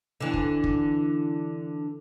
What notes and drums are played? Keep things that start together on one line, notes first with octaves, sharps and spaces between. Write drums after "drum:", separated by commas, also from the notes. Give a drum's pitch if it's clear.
D3 E3
drum: kick
drum: kick